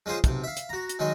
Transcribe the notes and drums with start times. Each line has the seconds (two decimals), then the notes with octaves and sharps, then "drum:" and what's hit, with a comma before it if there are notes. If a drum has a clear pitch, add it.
0.06 G#3 C#4 F4 G#4 C5
0.24 B1 C3, drum: kick, hi-hat
0.44 E5 F5
0.57 drum: hi-hat
0.69 F#4 A#5
0.89 drum: hi-hat
0.99 D#3 F#3 G#3 D#5